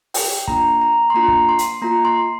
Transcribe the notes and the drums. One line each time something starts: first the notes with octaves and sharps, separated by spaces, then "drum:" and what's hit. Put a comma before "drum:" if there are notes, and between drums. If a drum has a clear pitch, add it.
G5, drum: open hi-hat
A#3 D4 F4 A#5, drum: kick
A#5
C6
A#3 D4 F4 A#5
drum: kick
C6
drum: hi-hat
A#3 F4 A#5
C6